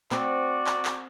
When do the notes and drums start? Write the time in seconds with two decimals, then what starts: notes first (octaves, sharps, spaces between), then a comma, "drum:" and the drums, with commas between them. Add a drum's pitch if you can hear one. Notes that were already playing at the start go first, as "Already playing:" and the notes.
0.11 C4 F#4 D5, drum: clap
0.67 drum: clap
0.85 drum: clap